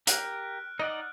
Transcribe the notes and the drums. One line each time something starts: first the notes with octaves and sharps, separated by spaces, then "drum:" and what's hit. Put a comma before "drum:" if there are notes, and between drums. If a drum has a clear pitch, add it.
G4 A#4 F6 F#6 D7, drum: hi-hat
D#4 D5 D#5 F#5